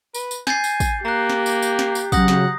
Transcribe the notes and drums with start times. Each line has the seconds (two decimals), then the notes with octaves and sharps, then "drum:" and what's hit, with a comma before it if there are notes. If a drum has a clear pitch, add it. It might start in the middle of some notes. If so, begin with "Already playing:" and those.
0.15 B4, drum: tambourine
0.31 drum: tambourine
0.47 G#5 G6 A6 C7, drum: snare
0.64 drum: tambourine
0.80 drum: kick, tambourine
1.05 A#3 G4 A#5 F#6
1.30 drum: snare
1.46 drum: tambourine
1.62 drum: tambourine
1.79 drum: snare
1.95 drum: tambourine
2.12 C#3 F#3 F#5 D#6 A#6, drum: kick, tambourine
2.28 drum: snare